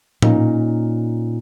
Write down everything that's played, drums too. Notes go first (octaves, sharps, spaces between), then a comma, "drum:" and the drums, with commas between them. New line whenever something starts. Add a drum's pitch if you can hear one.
A#2 C#4 D#4, drum: tom A2